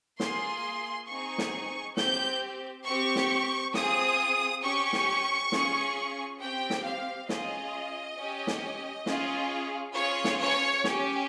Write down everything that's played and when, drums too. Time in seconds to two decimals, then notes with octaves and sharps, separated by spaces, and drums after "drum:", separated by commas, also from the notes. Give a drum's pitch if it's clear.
0.20 A#3 F4 G#4 C6, drum: snare
1.08 C4 D#4 G#4 C#6
1.38 drum: snare
1.97 C4 G4 G6, drum: snare
2.85 C4 G4 C#6
3.16 drum: snare
3.74 C4 F4 G#4 D#6, drum: snare
4.63 C#4 G4 C#6
4.93 drum: snare
5.52 C#4 F4 G#4, drum: snare
6.41 C4 G4 G5
6.70 drum: snare
6.84 F5
7.29 C#4 F4 G#4 D#5, drum: snare
8.17 C#4 G4
8.47 drum: snare
9.06 C#4 F4 G#4, drum: snare
9.94 C#4 F4 G#4 C#5
10.24 drum: snare
10.40 C#5
10.84 C#4 G4, drum: snare